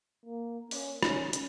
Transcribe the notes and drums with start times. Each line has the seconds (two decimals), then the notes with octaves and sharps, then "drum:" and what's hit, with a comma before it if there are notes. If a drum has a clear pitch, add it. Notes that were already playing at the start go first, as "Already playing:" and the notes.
0.26 A#3
0.71 C#4, drum: open hi-hat
1.03 C#4, drum: rim click
1.33 drum: hi-hat